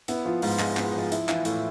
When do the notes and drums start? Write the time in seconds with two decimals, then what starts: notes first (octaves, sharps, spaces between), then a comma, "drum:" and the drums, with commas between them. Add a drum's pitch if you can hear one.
0.08 B3 E4, drum: hi-hat
0.25 F3 F4
0.42 G#2 F4, drum: open hi-hat
0.59 G#3 E4, drum: clap
0.77 B3, drum: clap
0.85 G#4
0.93 F3 F4
1.12 E4, drum: hi-hat
1.29 E3 F4, drum: clap
1.45 A2 E4, drum: hi-hat